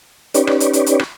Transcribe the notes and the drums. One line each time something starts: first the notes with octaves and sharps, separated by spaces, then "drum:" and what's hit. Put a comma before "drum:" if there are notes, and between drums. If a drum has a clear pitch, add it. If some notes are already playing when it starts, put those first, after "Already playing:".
C#4 D#4 G4 B4 C#5 D5, drum: hi-hat
drum: rim click
drum: hi-hat
drum: hi-hat
drum: hi-hat
drum: rim click